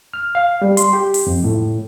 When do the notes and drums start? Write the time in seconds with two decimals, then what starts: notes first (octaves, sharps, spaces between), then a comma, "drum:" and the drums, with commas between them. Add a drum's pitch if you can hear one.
0.14 F6
0.35 F5
0.62 G3
0.77 C6, drum: hi-hat
0.93 G4
1.14 drum: open hi-hat
1.27 F2
1.44 A2